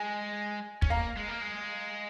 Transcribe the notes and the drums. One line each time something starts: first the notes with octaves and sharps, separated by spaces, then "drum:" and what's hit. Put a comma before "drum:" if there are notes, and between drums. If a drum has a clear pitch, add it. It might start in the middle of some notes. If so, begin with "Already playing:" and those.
Already playing: G#3 G#5
C#4, drum: kick
A#3 F5 A#5
G#3
A#3
G#3